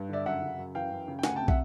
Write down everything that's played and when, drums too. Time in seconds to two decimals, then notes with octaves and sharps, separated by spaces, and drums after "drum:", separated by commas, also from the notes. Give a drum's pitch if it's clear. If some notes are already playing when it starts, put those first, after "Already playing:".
Already playing: G2
0.09 D3 D5 E5
0.26 F#2 E5 F#5
0.42 C#3
0.58 F#2
0.74 E3 F5 G5
0.91 F#2
1.08 C#3
1.19 G5
1.23 D2 F#5 G#5, drum: snare
1.36 G5 A5
1.41 C3
1.48 E5 F#5, drum: kick